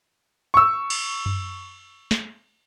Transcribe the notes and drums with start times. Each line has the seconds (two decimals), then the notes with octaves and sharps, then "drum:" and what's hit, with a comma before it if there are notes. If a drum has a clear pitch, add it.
0.54 C#6 E6
0.90 drum: cymbal
1.26 drum: tom F#2
2.11 drum: snare